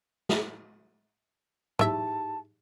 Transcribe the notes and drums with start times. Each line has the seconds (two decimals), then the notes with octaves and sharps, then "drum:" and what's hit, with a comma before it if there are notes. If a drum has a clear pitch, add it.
0.29 drum: snare
1.79 D#4 E4 G4 G#4 E5 A5, drum: tom G#2